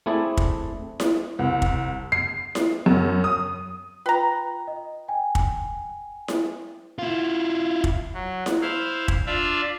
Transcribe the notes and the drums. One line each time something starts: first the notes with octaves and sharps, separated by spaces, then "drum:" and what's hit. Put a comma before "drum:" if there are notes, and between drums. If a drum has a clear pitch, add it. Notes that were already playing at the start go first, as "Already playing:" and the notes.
A3 C4 E4 G#4 D5
drum: kick
drum: snare E4
C2
drum: kick
C7
drum: snare E4
F#2
D#6
F4 B4 G5 A#5
D#5
G5 G#5
drum: kick
drum: snare E4
E4 F4
drum: kick
F#3
drum: snare E4
E4 C5 F5
drum: kick
D4 F4 D5 E5 F5